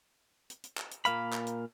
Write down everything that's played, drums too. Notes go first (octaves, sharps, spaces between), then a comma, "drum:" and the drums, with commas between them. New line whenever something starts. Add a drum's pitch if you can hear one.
drum: hi-hat
drum: hi-hat
drum: clap
drum: hi-hat
A#2 A#3 F5 B5, drum: hi-hat
drum: clap
drum: hi-hat